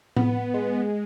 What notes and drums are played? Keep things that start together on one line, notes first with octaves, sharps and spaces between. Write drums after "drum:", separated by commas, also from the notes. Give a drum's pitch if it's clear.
B3, drum: tom A2
G#3